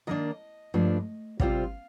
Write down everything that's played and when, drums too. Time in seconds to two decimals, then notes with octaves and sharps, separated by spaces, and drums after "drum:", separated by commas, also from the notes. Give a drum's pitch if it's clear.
0.07 D#3 A#3 D4 D#5
0.74 G2 F3 A3 D4
1.40 C3 G3 C4 F4 F5, drum: kick